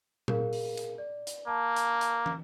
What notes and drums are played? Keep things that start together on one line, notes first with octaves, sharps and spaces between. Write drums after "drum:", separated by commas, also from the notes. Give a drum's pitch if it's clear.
G#4 A#4 F5, drum: tom A#2
drum: open hi-hat
drum: hi-hat
D5
drum: hi-hat
A#3 A5
drum: hi-hat
drum: hi-hat
drum: tom